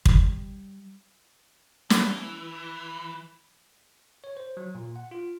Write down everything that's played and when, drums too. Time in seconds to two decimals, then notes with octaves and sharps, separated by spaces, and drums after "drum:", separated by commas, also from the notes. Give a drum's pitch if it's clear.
0.05 G3, drum: kick
1.90 E3, drum: snare
4.24 C#5
4.37 C5
4.57 F#3
4.75 A#2
4.96 F#5
5.11 F4